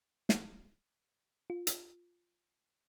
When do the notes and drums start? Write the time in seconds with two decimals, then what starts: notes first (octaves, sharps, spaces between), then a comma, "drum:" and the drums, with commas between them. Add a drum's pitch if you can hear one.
0.29 drum: snare
1.50 F4
1.67 drum: hi-hat